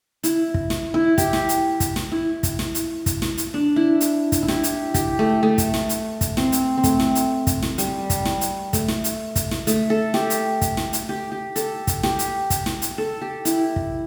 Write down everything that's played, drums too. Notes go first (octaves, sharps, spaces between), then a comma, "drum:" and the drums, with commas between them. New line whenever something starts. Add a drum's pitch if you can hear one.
E4, drum: hi-hat
drum: kick
drum: snare
E4
G4, drum: kick, hi-hat
drum: snare
drum: hi-hat
drum: kick, hi-hat
drum: snare
E4
drum: kick, hi-hat
drum: snare
drum: hi-hat
drum: kick, hi-hat
drum: snare
drum: hi-hat
D4
E4
drum: hi-hat
drum: kick, hi-hat
E4
G4, drum: snare
drum: hi-hat
G4, drum: kick, hi-hat
A3
A3
drum: kick, hi-hat
drum: snare
drum: hi-hat
drum: kick, hi-hat
C4, drum: snare
drum: hi-hat
C4
A3, drum: kick, hi-hat
drum: snare
drum: hi-hat
drum: kick, hi-hat
drum: snare
G3, drum: hi-hat
drum: kick, hi-hat
drum: snare
drum: hi-hat
A3, drum: kick, hi-hat
drum: snare
drum: hi-hat
drum: kick, hi-hat
drum: snare
A3, drum: hi-hat
A4
G4, drum: snare
drum: hi-hat
drum: kick, hi-hat
drum: snare
drum: hi-hat
G4
G4
A4, drum: hi-hat
drum: kick, hi-hat
G4, drum: snare
drum: hi-hat
drum: kick, hi-hat
drum: snare
drum: hi-hat
A4
G4
E4, drum: hi-hat
drum: kick